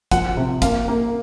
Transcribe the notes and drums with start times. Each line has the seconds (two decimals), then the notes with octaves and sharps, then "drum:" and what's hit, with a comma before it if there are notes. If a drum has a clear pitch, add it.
0.11 F3 F#5, drum: kick, hi-hat
0.37 C3
0.62 A#3 F5, drum: kick, hi-hat
0.88 A#3